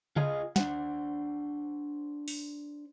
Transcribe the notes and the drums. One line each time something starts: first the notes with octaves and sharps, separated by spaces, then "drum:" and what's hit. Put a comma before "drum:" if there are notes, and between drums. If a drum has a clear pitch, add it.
F4 G#4 D#5, drum: tom C#3
D4 C5 F#5, drum: snare
drum: open hi-hat